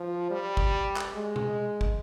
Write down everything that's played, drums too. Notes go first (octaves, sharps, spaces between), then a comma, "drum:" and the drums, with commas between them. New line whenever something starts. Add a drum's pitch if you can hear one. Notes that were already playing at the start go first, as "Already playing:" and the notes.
Already playing: F3
G3
drum: kick
drum: clap
G#3
drum: tom B2
drum: kick